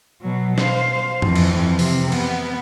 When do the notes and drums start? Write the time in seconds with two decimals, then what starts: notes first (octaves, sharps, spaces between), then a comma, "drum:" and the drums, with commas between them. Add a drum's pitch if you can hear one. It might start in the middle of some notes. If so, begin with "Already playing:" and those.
0.22 B2 F#3
0.58 C5 F5, drum: snare
1.22 F2 E3, drum: tom G2
1.36 drum: cymbal
1.79 C3, drum: open hi-hat
2.12 B3, drum: cymbal